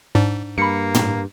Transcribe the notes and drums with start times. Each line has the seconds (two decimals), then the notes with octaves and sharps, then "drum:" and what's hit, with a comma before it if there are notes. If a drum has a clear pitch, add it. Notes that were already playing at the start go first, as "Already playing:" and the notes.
0.15 G#2 D4
0.58 G2 A#3 B5 C#7
0.95 drum: tom